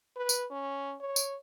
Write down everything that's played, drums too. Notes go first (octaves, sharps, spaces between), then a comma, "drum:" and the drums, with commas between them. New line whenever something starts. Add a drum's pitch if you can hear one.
B4
drum: tambourine
C#4
C#5
drum: tambourine